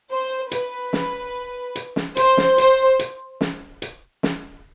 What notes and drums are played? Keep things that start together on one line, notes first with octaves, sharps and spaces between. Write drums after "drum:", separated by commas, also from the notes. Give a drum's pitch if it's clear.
C5
B4, drum: hi-hat
drum: snare
drum: hi-hat
drum: snare
C5, drum: hi-hat
drum: snare
C5, drum: hi-hat
drum: hi-hat
drum: snare
drum: hi-hat
drum: snare